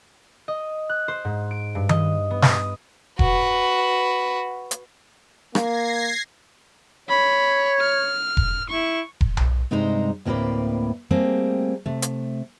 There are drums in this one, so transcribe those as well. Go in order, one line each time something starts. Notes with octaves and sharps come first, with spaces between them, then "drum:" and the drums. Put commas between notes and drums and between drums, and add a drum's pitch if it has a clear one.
D#5
F#6
C5
G#2
D7
G2
D#5, drum: tom D#3
B3
drum: snare
D#6
F#4 B4, drum: kick E1
drum: hi-hat
A#3 G#6 A#6 C7, drum: rim click
C#5 B5
F6
drum: kick E1
E4 C#6
drum: kick E1
drum: tom B1
G2 C3 G#3 D#4 C5 A#5
D2 A2 A#3 C4 B4 D5
G3 A3 A#3 C4 G#4
C3 A3
drum: hi-hat